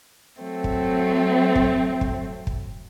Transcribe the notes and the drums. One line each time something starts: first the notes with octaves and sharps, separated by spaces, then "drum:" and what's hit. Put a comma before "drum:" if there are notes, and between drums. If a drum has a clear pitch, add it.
F#3 A3 C4
drum: kick
drum: kick
drum: kick
drum: kick